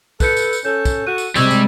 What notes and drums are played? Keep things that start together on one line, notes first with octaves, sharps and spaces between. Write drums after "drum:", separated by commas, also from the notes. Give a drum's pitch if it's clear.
A4 B4 F#6 G6 C#7, drum: kick, tambourine
drum: tambourine
drum: tambourine
C#4 A4 G6
drum: kick, tambourine
F#4 A4 F#6 D#7
drum: tambourine
C3 G3 G#3 C4 C#6 E6 G#6, drum: tambourine
drum: tambourine